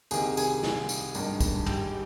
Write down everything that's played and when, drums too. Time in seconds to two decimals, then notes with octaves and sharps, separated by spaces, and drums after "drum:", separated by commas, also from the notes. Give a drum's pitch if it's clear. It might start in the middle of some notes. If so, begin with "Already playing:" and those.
0.11 C2 C3 D#3 G#4 G#5, drum: tambourine
0.37 G#4 G#5, drum: tambourine
0.63 drum: snare
0.89 drum: tambourine
1.14 G#1 G2 D#3, drum: tambourine
1.40 drum: kick, tambourine
1.66 G4 G5, drum: tom